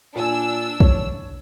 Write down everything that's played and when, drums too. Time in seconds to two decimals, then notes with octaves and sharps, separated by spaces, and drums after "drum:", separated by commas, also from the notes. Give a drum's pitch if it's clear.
0.16 A#2 D4 G#5 E6
0.80 C#5, drum: kick